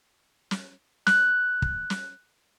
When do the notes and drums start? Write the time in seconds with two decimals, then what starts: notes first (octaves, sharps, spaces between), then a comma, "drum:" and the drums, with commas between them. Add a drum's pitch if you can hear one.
0.51 drum: snare
1.07 F#6, drum: snare
1.62 drum: kick
1.90 drum: snare